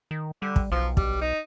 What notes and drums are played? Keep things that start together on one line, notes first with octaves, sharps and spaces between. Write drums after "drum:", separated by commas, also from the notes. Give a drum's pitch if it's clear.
D#3
D3 G3
drum: kick
B1 F3
G3, drum: kick
D#4